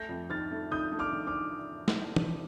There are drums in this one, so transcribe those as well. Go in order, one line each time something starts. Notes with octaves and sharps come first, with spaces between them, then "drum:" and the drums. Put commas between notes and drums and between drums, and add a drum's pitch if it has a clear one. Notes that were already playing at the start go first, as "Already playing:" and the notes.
Already playing: A3 G6 A#6
F2
D#3 F6 A6
A3
D#3 D#6 G6
A3
D6 F6
D#3
D6 F6
drum: snare
drum: tom